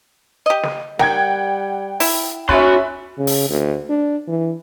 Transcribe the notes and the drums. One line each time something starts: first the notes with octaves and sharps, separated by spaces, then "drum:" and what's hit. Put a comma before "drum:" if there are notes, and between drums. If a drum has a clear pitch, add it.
G4 D#5
drum: snare
G3 A#4 F#5 G5 G#6, drum: snare
E4, drum: open hi-hat
C#4 F#4 E5 B5 C6 F#6, drum: kick
C#3
drum: open hi-hat
D2
D4
E3